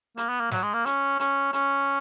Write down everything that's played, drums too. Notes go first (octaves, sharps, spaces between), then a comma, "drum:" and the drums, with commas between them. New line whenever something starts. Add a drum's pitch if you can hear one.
A#3, drum: hi-hat
B3
A#3
F#3, drum: snare
G#3
A#3
C#4, drum: hi-hat
C#4, drum: hi-hat
C#4, drum: hi-hat